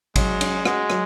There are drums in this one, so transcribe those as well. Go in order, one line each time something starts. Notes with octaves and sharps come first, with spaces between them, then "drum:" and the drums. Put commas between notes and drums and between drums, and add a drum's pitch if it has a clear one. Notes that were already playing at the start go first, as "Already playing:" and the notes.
F#3 G#3, drum: kick G#1, cymbal
C#4, drum: cymbal
G#3 F#4, drum: rim click
F#3, drum: rim click